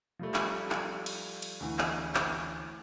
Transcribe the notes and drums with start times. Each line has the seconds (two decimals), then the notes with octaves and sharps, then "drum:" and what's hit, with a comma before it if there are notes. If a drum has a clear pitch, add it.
0.19 F3 G3 A3
0.34 drum: clap
0.70 drum: clap
1.06 drum: cymbal
1.42 drum: cymbal
1.60 D2 E3
1.78 drum: clap
2.15 drum: clap